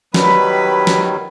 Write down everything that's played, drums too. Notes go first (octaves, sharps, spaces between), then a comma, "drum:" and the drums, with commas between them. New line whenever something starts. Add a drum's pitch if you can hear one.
D#3 F#3 G3 B4 B5, drum: snare
drum: snare